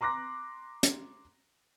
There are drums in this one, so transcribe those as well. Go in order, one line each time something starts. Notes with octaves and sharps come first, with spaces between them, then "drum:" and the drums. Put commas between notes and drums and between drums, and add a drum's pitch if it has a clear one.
A#5 C6 D6 F#6 A#6
drum: hi-hat